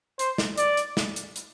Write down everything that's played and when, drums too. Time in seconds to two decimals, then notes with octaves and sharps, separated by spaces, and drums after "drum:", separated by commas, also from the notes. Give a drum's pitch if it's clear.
0.19 C5, drum: hi-hat
0.38 drum: snare
0.58 D5, drum: hi-hat
0.77 drum: hi-hat
0.97 drum: snare
1.16 drum: hi-hat
1.36 drum: hi-hat